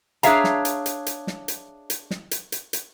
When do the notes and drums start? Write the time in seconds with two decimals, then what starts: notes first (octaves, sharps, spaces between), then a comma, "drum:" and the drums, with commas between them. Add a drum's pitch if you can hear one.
0.23 D4 G#4 C#5 E5 F5 A#5, drum: hi-hat
0.44 drum: snare
0.65 drum: hi-hat
0.86 drum: hi-hat
1.06 drum: hi-hat
1.27 drum: snare
1.48 drum: hi-hat
1.90 drum: hi-hat
2.11 drum: snare
2.31 drum: hi-hat
2.52 drum: hi-hat
2.73 drum: hi-hat